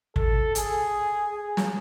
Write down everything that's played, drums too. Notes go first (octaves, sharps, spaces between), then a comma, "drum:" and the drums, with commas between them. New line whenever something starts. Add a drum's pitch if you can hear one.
A4, drum: kick
G#4, drum: hi-hat
G#4
drum: snare